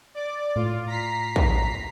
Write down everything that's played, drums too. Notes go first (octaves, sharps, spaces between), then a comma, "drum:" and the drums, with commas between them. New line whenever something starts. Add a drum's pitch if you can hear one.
D5 D6
A2 F4
A#5 B6 C7
drum: kick